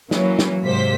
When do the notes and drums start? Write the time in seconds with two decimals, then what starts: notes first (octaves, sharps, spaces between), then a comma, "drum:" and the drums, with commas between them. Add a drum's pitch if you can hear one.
0.11 E3 F#3 A#3 C#4, drum: snare
0.39 drum: snare
0.62 G#2 C3 A#3 G4 C5 B6